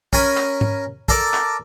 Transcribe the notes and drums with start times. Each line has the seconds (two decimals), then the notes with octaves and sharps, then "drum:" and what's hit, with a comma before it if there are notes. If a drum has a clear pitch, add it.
0.13 C#4 A#4 G#5 B5, drum: kick
0.37 drum: clap
0.61 drum: tom G#2
1.09 A4 A#4 D5, drum: kick
1.33 drum: clap